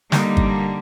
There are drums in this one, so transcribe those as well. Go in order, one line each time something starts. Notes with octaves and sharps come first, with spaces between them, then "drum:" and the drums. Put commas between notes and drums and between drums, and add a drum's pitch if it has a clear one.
D3 G3 A#3 D#4, drum: snare
drum: kick